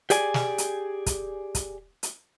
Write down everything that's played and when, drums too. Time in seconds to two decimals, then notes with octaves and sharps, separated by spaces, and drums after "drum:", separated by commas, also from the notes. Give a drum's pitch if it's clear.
0.10 G4 G#4 D5 G#5, drum: hi-hat
0.34 drum: snare
0.58 drum: hi-hat
1.06 drum: kick, hi-hat
1.55 drum: kick, hi-hat
2.03 drum: hi-hat